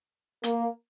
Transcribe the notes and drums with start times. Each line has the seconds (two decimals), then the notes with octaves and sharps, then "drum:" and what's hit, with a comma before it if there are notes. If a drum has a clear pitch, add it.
0.43 A#3, drum: hi-hat